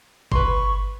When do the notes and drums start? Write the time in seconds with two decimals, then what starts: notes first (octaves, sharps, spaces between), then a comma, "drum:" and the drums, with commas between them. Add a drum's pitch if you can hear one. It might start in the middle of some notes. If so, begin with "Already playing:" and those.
0.32 G1 B4 C6 C#6, drum: kick